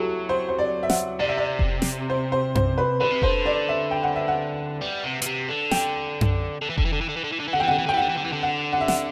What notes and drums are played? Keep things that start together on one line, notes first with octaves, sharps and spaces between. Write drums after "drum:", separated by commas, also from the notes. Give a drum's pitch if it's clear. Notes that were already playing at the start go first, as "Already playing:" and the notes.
Already playing: F#3 E4 F#4 G4 A4
C5
C5
D5
E5
F#5, drum: snare
C3 D5
E5
D5
drum: kick F1
drum: snare
C5
C5
C5, drum: tom F#2
B4
D3 B4
C3
D3 C5, drum: kick F1
D5
E5
G5
F#5
E5
F#5
G3
C3
B2, drum: hi-hat
C3
D3
G5, drum: snare
drum: tom F#2
D3
E3
D3, drum: kick F1
E3
D3
E3
D3
E3
D3
E3
D3
E3
D3 F#5
G5
E3
D3 F#5
E3
D3 G5
E3
D3 F#5
E3
D3
E3
D3
F#5
F#5
E5
F#5, drum: snare